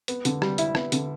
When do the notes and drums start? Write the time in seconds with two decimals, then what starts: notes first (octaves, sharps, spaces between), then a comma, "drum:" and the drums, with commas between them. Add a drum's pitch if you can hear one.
0.08 B3, drum: hi-hat
0.25 D3, drum: hi-hat
0.42 G3, drum: rim click
0.58 E4, drum: hi-hat
0.75 B3, drum: rim click
0.92 D3, drum: hi-hat